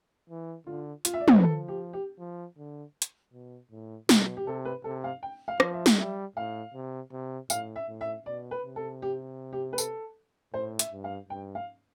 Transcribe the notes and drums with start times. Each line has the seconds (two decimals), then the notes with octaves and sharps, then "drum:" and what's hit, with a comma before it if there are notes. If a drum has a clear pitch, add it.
0.30 E3
0.67 D3 F4
1.05 F4, drum: hi-hat
1.14 E5
1.20 D5
1.28 C5, drum: tom
1.35 B4
1.43 F3 A4
1.68 G4
1.93 G4
2.19 F3
2.57 D3
3.02 drum: hi-hat
3.32 B2
3.71 A2
4.09 B2, drum: snare
4.37 G4
4.46 C3 A4
4.65 B4
4.84 C3 A4
5.04 F5
5.23 G5
5.48 F5
5.60 F3, drum: rim click
5.74 E5
5.86 drum: snare
5.99 G3 E5
6.36 A2 F5
6.74 C3
7.12 C3
7.50 A2 F5, drum: tambourine
7.76 E5
7.88 A2
8.01 E5
8.26 B2 D5
8.51 B4
8.63 C3
8.76 A4
9.02 G4
9.53 G4
9.73 B4
9.78 A4, drum: tambourine
10.53 A2 C5
10.79 E5, drum: hi-hat
10.92 G2
11.04 F5
11.29 G2 G5
11.55 F5